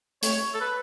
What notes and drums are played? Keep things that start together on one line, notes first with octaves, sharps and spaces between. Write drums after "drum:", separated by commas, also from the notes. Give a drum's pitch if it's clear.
A3 C#5, drum: hi-hat
A4
B4